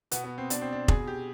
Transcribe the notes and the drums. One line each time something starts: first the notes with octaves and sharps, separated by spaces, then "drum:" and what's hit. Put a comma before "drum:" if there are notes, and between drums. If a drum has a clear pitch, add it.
B2 B3, drum: hi-hat
B3
C4
B2 D4, drum: hi-hat
C4
D4
B2 G#4, drum: kick F1
G4